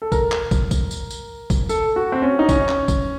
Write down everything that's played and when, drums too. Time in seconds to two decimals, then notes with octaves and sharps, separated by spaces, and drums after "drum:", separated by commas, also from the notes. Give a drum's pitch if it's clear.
0.02 A4
0.12 A#4, drum: kick, tambourine
0.32 drum: clap
0.51 drum: kick, tambourine
0.71 drum: kick, tambourine
0.91 drum: tambourine
1.11 drum: tambourine
1.50 drum: kick, tambourine
1.69 A4, drum: tambourine
1.96 F#4
2.12 C4
2.22 C#4
2.39 D#4
2.49 C#4, drum: kick, tambourine
2.69 drum: clap
2.88 drum: kick, tambourine